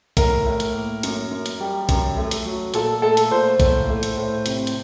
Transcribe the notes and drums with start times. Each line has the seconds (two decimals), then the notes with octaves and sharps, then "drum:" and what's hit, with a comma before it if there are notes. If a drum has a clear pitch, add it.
0.17 A2 A#4, drum: kick, hi-hat
0.46 A2
0.60 drum: hi-hat
0.74 A#3
1.03 F#2, drum: hi-hat
1.31 F#2
1.46 drum: hi-hat
1.60 G3
1.89 F#2, drum: kick, hi-hat
2.17 A3
2.31 drum: hi-hat
2.45 F#3
2.74 A#2 A4, drum: hi-hat
3.02 A3 A4
3.17 drum: hi-hat
3.31 A#2 C5
3.60 A2, drum: kick, hi-hat
3.89 A3
4.03 drum: hi-hat
4.17 A2
4.46 C3, drum: hi-hat
4.67 drum: hi-hat